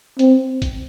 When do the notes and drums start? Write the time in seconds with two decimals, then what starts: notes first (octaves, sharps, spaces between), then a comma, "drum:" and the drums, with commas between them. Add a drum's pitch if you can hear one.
0.19 C4, drum: hi-hat
0.62 drum: kick, hi-hat